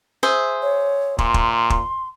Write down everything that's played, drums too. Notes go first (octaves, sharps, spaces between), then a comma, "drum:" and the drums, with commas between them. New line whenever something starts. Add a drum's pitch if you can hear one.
G#4 C5 E5
C#5
A#2 C6, drum: kick
drum: kick
drum: kick